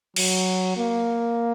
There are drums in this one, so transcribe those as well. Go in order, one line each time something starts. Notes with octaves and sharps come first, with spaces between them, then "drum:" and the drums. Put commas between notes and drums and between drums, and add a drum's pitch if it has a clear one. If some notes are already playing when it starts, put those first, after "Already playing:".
F#3, drum: cymbal
A#3